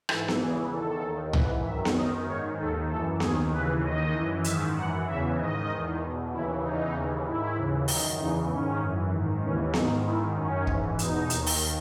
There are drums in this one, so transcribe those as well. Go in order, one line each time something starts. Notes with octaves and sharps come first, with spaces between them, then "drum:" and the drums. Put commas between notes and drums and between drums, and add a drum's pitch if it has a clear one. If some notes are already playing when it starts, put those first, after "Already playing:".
G#2 E3 A4, drum: rim click
drum: snare B3
E2 C#3 E3 G#4
E2 D#3 A4
D#2 D#3
G#2 E3 B4, drum: tom
F#2 D#3 E5
drum: snare B3
F#2 D#3 D#5
G#2 D#3 C#5
D#2 D#3 A4
F#2 E3 A4
D#2 D#3 G#4, drum: snare B3
D#2 C#3 E3 B4
D#2 D#3 D#5
F#2 E3
G#2 D#3 E5, drum: hi-hat
F#2 E3 F#5
E2 C#3 E3 E5
G#2 D#3 D#5
E2 D#3
E2 B2
D#2 C#3 E3 E4
E2 C#3 E3 D#4
D#2 C#3 E3
G#2 D#3 E4
D#2 C#3 E3
F#2 D#3 D#4, drum: open hi-hat
E2 C#3 E3 D#4
G#2 D#3 C#4
F#2 E3
G#2 D#3
D#2 C#3 E3 C#4
G#2 D#3 D#4, drum: snare B3
G#2 D#3 E4
F#2 D#3 C#4
G#2 E3, drum: kick
E2 B2 D#4, drum: hi-hat
D#2 D#3, drum: hi-hat
drum: open hi-hat